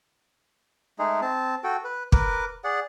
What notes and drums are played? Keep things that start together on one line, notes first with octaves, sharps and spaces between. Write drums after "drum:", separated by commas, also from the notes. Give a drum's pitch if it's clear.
G#3 A3 D#4 G#4
C4 A5
F#4 A4 G5
B4
A#4 B4 D6, drum: kick
G#4 D5 F#5